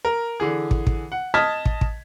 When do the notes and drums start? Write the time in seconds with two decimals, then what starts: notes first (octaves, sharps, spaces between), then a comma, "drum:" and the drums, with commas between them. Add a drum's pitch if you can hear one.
0.05 A#4
0.40 D3 E3 G#4
0.71 drum: kick
0.87 drum: kick
1.12 F#5
1.34 D#5 A5 F6 G#6 A6 B6
1.65 drum: kick
1.81 drum: kick